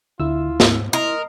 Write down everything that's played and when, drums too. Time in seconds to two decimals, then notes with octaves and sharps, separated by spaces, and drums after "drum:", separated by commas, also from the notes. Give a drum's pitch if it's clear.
0.20 D2 D3 E4 F4 E6
0.60 G#2, drum: snare
0.93 E4 A#4 D#5 C6